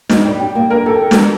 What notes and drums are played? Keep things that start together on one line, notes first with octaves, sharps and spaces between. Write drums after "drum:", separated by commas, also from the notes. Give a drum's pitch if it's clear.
D#4, drum: snare
G3
G4
A#3
A#3 A#4
G4 A4
drum: snare